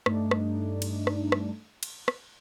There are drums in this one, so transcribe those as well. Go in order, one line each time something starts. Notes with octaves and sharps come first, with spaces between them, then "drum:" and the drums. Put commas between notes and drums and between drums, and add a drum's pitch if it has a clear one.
G2 A3 D4 D#4, drum: rim click
drum: rim click
drum: cymbal
drum: rim click
drum: rim click
drum: cymbal
drum: rim click